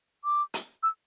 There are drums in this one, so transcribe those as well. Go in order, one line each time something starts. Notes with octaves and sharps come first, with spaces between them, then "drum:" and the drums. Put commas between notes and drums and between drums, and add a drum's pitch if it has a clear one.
D6
drum: hi-hat
E6